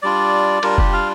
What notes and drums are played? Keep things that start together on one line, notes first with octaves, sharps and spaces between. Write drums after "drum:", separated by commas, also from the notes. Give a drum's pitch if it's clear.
G3 D4 F4 D5
G3 D4 F4 A#4, drum: cymbal
G4, drum: kick F1
F5